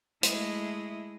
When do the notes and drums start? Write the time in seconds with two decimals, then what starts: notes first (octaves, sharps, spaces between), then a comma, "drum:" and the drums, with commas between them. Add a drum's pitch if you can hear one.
0.23 G#3 A3 E4 D#5, drum: hi-hat